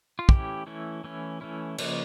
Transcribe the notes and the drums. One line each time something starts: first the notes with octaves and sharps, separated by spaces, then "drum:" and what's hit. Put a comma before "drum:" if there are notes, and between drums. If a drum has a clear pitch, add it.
F4
E3 A3 C#4 E4 G4, drum: kick
E3 A3 C#4 E4
E3 A3 C#4 E4
E3 A3 C#4 E4
C#3 F3 A#3, drum: cymbal